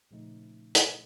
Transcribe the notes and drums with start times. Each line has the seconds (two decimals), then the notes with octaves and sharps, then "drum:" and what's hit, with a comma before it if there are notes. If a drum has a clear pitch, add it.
0.11 A#2 C#3 F3 A3 D#4
0.75 drum: hi-hat